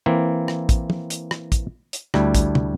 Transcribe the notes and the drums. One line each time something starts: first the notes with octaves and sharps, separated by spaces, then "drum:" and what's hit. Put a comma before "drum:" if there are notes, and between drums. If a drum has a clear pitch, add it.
E3 A#3 C4
drum: rim click
drum: kick, hi-hat
drum: tom
drum: hi-hat
drum: rim click
drum: kick, hi-hat
drum: hi-hat
D2 G3 D4 E4, drum: rim click
drum: kick, hi-hat
drum: tom